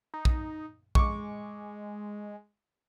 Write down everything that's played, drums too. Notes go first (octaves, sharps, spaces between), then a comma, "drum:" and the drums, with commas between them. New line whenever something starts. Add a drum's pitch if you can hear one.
D#4
drum: kick A#1
G#3 C#6 D6, drum: kick A#1